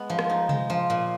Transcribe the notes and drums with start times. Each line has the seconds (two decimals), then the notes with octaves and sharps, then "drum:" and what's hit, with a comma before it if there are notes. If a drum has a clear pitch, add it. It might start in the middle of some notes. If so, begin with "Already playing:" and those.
Already playing: G#3 B3
0.10 F3
0.19 drum: rim click
0.29 D#4
0.49 G#3, drum: tom C3
0.70 F3
0.90 A#2